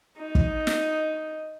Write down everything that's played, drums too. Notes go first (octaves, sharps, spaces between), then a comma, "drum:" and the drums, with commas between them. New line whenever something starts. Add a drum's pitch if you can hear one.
D#4
drum: kick
drum: snare